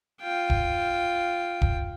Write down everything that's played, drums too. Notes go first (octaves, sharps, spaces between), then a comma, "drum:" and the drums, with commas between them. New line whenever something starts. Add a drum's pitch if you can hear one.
F4 G5
drum: kick
drum: kick